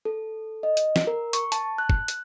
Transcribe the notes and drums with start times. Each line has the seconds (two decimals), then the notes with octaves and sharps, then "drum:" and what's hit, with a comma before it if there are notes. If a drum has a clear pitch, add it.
0.05 A4
0.63 D#5
0.77 drum: hi-hat
0.96 drum: snare
1.07 A#4
1.33 C#6, drum: hi-hat
1.52 A5, drum: hi-hat
1.78 F#6
1.90 drum: kick F#1
2.08 drum: hi-hat